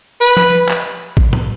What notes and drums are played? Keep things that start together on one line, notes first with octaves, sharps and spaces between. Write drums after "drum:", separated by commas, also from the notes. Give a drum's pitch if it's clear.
B4
drum: tom F3
drum: clap
drum: kick A1
drum: tom A2